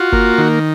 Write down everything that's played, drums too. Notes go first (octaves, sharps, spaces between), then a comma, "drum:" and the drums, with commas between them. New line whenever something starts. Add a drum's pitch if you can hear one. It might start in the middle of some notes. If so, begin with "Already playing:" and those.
Already playing: F4 F#4
A#3, drum: kick F#1
D#3